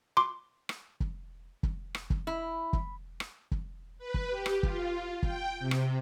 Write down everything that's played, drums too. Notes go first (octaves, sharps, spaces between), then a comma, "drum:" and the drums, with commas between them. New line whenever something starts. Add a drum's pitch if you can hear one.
C6 D6
drum: rim click
drum: kick
drum: kick
drum: rim click
drum: kick
E4
drum: kick
drum: rim click
drum: kick
B4
drum: kick
G4
drum: rim click
F4, drum: kick
G5, drum: kick
C3
drum: rim click